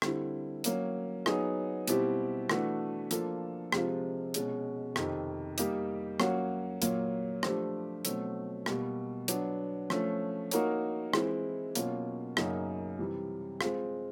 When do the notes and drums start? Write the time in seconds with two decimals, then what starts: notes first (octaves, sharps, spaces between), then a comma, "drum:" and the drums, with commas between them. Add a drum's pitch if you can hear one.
0.02 D3 G3 C4 E4, drum: rim click
0.64 F#3 A#3 C#4, drum: hi-hat
1.26 F#3 B3 D#4 G#4, drum: rim click
1.88 B2 G3 C4 E4 G4, drum: hi-hat
2.50 E3 A3 D4 F#4 B4, drum: rim click
3.11 F3 A#3 D4 F4 A4, drum: hi-hat
3.72 C3 F3 G#3 C4 F4, drum: rim click
4.34 B2 G#3 C#4, drum: hi-hat
4.96 F2 C3 D#3, drum: rim click
5.58 G3 A#3 D#4 G4, drum: hi-hat
6.20 F#3 A#3 C#4 F#4, drum: rim click
6.82 A#2 F#3 A#3, drum: hi-hat
7.43 F3 A3 D4 G4 C5, drum: rim click
8.05 B2 F#3 A3 C4, drum: hi-hat
8.66 B2 G3 A#3, drum: rim click
9.28 F#3 B3 D4, drum: hi-hat
9.90 F3 A3 C#4, drum: rim click
10.51 A#3 D#4 F#4 A#4 C#5, drum: hi-hat
11.14 E3 G#3 C4 E4, drum: rim click
11.75 B2 F#3 A#3 C#4 F4, drum: hi-hat
12.37 F#2 C#3 F#3 A#3 D#4, drum: rim click
12.99 C3 E3 G3
13.61 G#3 C4 F4, drum: rim click